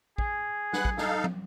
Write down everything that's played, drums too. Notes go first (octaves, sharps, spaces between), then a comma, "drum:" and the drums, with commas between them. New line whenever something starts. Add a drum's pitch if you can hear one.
G#4, drum: kick
B4 F#5 F#6, drum: snare
drum: kick
D#4 A4 F5, drum: snare
drum: tom